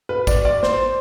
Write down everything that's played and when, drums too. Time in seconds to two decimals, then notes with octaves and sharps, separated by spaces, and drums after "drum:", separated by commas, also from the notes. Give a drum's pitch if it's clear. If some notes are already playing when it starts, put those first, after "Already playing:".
0.09 B4
0.27 D5, drum: kick, tambourine
0.45 D5
0.63 C5, drum: snare